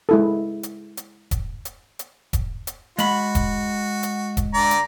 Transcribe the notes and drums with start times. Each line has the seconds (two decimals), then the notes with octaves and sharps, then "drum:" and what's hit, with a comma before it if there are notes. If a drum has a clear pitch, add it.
0.09 G#3 E4 A4
0.63 drum: hi-hat
0.97 drum: hi-hat
1.31 drum: kick E1, hi-hat
1.65 drum: hi-hat
1.99 drum: hi-hat
2.33 drum: kick E1, hi-hat
2.67 drum: hi-hat
2.98 G#3 F#4 B5, drum: hi-hat
3.35 drum: kick E1, hi-hat
4.03 drum: hi-hat
4.37 drum: kick E1, hi-hat
4.54 D3 D5 A#5
4.71 drum: hi-hat